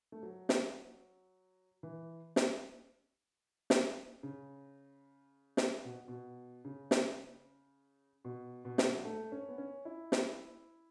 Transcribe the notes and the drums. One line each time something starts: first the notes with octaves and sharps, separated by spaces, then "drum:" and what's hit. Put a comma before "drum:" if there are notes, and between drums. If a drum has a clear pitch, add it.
A3
F#3
drum: snare
E3
drum: snare
drum: snare
C#3
drum: snare
B2
B2
C#3
drum: snare
B2
B2
drum: snare
F#3
A3
C#4
B3
C#4
E4
drum: snare